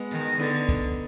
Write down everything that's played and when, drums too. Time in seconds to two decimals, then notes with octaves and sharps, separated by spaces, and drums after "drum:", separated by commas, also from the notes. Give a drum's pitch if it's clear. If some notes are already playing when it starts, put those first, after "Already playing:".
Already playing: G#3 B3
0.11 D#3, drum: tambourine
0.40 D3 B3 D#4, drum: rim click
0.69 drum: kick, tambourine